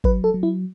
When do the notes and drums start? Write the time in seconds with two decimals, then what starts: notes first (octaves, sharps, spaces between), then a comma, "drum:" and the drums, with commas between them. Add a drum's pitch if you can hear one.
0.04 F#3 B4, drum: kick
0.24 A4
0.34 F#3
0.43 E4